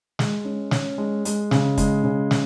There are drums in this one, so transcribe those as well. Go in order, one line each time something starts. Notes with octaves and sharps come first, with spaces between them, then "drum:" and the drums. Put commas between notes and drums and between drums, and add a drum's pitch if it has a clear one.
G#3, drum: snare
C#4
C#4, drum: snare
G#3
G#3, drum: hi-hat
C#3, drum: snare
G#3, drum: kick, hi-hat
C#3
C#4, drum: snare